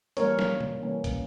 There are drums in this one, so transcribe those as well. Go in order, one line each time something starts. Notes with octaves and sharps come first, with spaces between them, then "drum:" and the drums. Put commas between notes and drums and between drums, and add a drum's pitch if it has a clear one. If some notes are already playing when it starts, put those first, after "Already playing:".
E3 G3 A#3 C#4 A#4 C#5, drum: hi-hat
drum: snare
drum: tom C3
E3 G3 A#3 C#4
drum: kick, hi-hat